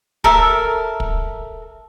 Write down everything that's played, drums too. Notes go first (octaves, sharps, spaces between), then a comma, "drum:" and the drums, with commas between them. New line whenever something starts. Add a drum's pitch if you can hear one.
A4 A#4 E5, drum: kick
drum: kick